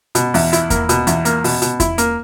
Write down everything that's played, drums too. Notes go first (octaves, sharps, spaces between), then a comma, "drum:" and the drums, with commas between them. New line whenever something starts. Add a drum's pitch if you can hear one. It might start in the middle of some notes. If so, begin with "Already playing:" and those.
B2, drum: hi-hat
E2, drum: open hi-hat
E4, drum: hi-hat
A#3, drum: kick E2, hi-hat
B2, drum: hi-hat
E2, drum: hi-hat
A#3, drum: hi-hat
B2, drum: open hi-hat
B2, drum: hi-hat
E4, drum: kick E2, hi-hat
A#3, drum: hi-hat